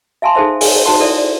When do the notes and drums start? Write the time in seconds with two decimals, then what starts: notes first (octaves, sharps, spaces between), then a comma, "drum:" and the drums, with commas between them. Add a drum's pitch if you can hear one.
0.22 E5 F5 G#5 A5 C6
0.35 D#4 G#4 A4 C5 E5 C6
0.61 G#5, drum: open hi-hat
0.85 D#4 F#4 C5 F#5 A5 C6
1.00 E4 A4 D5 E5
1.18 D5